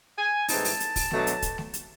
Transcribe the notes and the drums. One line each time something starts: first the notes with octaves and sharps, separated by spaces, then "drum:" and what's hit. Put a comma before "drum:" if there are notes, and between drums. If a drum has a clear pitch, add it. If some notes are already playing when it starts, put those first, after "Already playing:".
G#5
A2 E3 G#3 C4 D#4 A5, drum: open hi-hat
drum: open hi-hat
drum: hi-hat
drum: kick, open hi-hat
B2 F#3 A3 D4, drum: snare A3
drum: hi-hat
drum: kick, hi-hat
drum: snare A3
drum: hi-hat